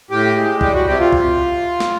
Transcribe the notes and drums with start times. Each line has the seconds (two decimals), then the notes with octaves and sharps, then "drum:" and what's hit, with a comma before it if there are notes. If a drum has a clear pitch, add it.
0.10 A2 G4
0.36 G#3
0.61 G3 G4, drum: kick
0.74 F#4
0.87 C3 G4
1.00 F4
1.12 drum: kick
1.80 drum: snare